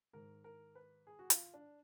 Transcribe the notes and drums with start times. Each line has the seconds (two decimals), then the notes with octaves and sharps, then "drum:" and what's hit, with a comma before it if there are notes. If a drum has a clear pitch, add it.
0.13 G#2 D#3 A#4
0.44 A#4
0.75 B4
1.07 G#4
1.19 F#4
1.30 F4, drum: hi-hat
1.54 D4